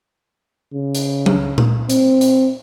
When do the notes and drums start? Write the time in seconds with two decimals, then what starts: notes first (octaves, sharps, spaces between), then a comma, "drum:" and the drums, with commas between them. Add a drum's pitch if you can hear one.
0.73 C#3
0.95 drum: hi-hat
1.26 drum: tom F#3
1.58 drum: tom A#2
1.90 C4, drum: hi-hat
2.21 drum: hi-hat